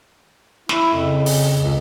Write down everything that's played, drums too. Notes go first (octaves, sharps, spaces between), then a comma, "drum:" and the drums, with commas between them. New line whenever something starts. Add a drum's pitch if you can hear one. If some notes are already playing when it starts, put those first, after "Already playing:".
E4, drum: snare
F2 C#3
drum: open hi-hat
C#2